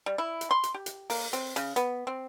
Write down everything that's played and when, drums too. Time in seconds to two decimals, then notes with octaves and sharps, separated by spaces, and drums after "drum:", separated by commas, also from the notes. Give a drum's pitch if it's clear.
0.06 G3
0.18 E4
0.41 drum: hi-hat
0.51 C6
0.63 drum: hi-hat
0.74 G4
0.86 drum: hi-hat
1.10 A#3, drum: open hi-hat
1.33 C4, drum: hi-hat
1.56 C#3, drum: hi-hat
1.76 B3, drum: hi-hat
2.07 C4